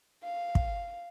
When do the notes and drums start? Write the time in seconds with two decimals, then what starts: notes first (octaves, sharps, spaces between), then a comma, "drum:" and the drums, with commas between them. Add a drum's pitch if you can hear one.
0.24 F5
0.55 drum: kick